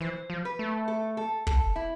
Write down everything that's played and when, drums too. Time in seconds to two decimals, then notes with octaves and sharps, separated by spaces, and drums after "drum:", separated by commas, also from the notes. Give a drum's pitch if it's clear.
0.01 E3 C5
0.30 F3
0.45 B4
0.59 A3
0.88 A4
1.17 A4
1.47 A4, drum: kick
1.76 E4